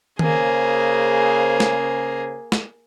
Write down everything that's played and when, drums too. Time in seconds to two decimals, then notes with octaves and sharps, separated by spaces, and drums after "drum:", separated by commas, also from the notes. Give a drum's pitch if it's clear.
0.19 C#3 A#3 G#4 C5, drum: tom D#3
1.60 drum: snare
2.52 drum: snare